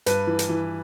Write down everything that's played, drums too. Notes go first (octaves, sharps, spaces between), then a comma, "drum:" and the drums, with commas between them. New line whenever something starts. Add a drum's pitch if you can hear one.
G2 B4, drum: hi-hat
E3
drum: hi-hat
E3